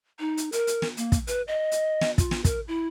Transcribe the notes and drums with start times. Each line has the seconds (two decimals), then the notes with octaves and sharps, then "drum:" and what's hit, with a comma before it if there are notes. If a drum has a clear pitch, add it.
0.19 D#4
0.37 drum: hi-hat
0.52 A#4, drum: hi-hat
0.67 drum: hi-hat
0.82 drum: snare
0.97 A#3, drum: hi-hat
1.12 drum: kick, hi-hat
1.27 B4, drum: hi-hat
1.48 D#5
1.71 drum: hi-hat
2.01 drum: snare
2.18 F4, drum: kick, hi-hat
2.31 drum: snare
2.44 A#4, drum: kick, hi-hat
2.68 E4